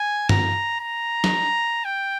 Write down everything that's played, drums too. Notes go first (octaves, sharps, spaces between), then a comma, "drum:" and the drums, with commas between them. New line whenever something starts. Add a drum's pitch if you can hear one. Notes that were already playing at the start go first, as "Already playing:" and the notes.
Already playing: G#5
A#5, drum: tom
A#5
drum: snare
G5